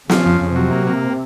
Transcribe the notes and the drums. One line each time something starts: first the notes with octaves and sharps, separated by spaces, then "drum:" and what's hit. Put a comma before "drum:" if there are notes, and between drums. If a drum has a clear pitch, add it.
C#3 F3, drum: snare
F2
F2
C3 F#3
A#3
A#3